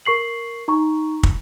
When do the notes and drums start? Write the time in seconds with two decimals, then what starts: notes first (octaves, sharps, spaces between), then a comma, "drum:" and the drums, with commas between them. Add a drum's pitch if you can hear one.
0.06 A#4 C#6 C7 F#7
0.68 D#4 A#5 C#6
1.23 drum: kick